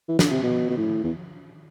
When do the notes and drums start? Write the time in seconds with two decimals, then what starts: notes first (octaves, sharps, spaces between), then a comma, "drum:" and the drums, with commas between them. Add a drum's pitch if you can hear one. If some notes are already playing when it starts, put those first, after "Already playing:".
0.09 E3
0.19 D3, drum: snare
0.31 C3
0.43 B2
0.69 B2
0.77 A2
1.04 E2